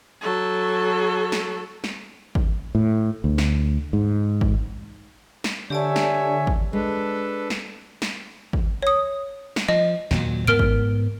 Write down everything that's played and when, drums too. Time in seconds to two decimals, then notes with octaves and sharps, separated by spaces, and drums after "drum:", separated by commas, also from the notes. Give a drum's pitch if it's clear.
0.21 F#3 A4
1.32 drum: snare
1.84 drum: snare
2.35 drum: kick G#1
2.75 A2
3.24 D2
3.38 drum: snare
3.93 G#2
4.41 drum: kick G#1
5.44 drum: snare
5.70 D3 G4 C#5 D5 E5 G#5 A5
5.96 drum: snare
6.47 drum: kick G#1
6.73 G#3 D4 A4 B4
7.50 drum: snare
8.02 drum: snare
8.53 drum: kick G#1
8.83 C#5 D#6
9.56 drum: snare
9.69 F3 D#5
10.11 D#2 A#2 F#3, drum: snare
10.47 G#2 B3 A#4 F6 D7
10.59 drum: kick G#1